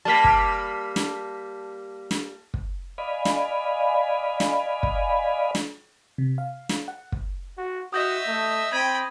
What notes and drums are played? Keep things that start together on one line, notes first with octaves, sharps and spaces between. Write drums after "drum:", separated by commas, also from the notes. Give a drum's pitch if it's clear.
G3 A#3 A5 B6
drum: kick
drum: snare
drum: snare
drum: kick
D5 D#5 F5 G#5 B5
drum: snare
drum: snare
drum: kick
drum: snare
C3
F5
drum: snare
F#5
drum: kick
F#4
F#4 D#5 E5 D#6 G6 A#6
A3
C4 G5 B5 G#6 D#7